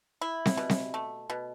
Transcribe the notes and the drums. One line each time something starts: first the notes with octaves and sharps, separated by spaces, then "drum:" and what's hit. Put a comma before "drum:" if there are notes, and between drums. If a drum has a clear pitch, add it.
E4
drum: snare C4
B2
drum: snare C4
A3
B2